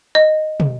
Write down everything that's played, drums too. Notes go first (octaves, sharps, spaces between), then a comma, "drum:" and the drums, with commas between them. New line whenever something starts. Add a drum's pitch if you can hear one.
D#5
drum: tom